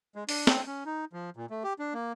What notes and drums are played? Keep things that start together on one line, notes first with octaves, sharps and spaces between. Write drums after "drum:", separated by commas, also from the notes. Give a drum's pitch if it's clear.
G#3
D4, drum: open hi-hat
C4, drum: snare
C#4
D#4
F3
A#2
A3
G4
D4
A#3